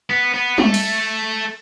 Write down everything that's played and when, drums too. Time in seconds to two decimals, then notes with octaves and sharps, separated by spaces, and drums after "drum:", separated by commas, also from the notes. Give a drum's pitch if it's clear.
0.10 B3
0.34 B3
0.58 A3, drum: tom
0.74 drum: cymbal